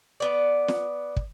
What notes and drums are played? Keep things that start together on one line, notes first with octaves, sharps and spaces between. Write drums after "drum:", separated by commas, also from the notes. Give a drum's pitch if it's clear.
B3 D5
drum: snare
drum: kick